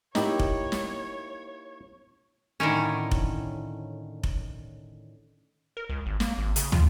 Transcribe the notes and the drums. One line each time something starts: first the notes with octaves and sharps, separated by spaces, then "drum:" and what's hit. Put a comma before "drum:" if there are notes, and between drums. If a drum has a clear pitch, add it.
A#3 D#4 E4 G4 C#5, drum: snare
drum: kick F1
drum: snare
A2 D3 D#3 C#4
drum: kick F1
drum: kick F1
A#4
C#2
G#1
A#3, drum: snare
G#1
C#3, drum: hi-hat
F4, drum: tom